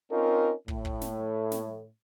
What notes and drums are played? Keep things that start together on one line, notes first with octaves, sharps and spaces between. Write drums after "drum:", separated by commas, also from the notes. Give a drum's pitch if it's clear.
C4 C#4 D#4 F4 A#4
A2, drum: kick
drum: kick
drum: snare
drum: snare